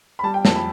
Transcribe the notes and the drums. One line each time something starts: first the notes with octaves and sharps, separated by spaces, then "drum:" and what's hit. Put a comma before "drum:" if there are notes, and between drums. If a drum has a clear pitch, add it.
B5
G3 A5
G5
F2 A5, drum: snare
B5